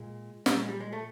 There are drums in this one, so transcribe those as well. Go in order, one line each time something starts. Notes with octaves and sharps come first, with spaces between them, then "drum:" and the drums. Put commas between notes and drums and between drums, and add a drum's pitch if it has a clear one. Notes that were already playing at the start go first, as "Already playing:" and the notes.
Already playing: A#2 G#3
A#2 G3, drum: snare
G#3
G3
G#3
A3